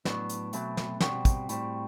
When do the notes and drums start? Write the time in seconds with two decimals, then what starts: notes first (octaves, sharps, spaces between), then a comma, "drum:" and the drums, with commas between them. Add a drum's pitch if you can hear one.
0.05 A2 F#3 B3 D4, drum: snare
0.29 drum: hi-hat
0.53 B2 F#3 A3 C4, drum: hi-hat
0.77 drum: snare
1.00 B2 G3 C4 F#4, drum: snare
1.25 drum: kick, hi-hat
1.49 A2 G3 C4, drum: hi-hat